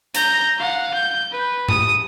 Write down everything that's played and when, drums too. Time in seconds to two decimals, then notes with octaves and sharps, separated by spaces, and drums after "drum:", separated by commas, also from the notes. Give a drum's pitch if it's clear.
0.15 A#5 G6, drum: hi-hat
0.58 F5 F#5
0.94 G6
1.31 B4
1.68 D#6, drum: tom G#2